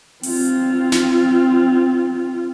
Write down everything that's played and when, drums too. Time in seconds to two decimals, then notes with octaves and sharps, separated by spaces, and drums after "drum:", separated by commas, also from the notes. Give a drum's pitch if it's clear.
0.23 C4 F4, drum: open hi-hat
0.92 drum: snare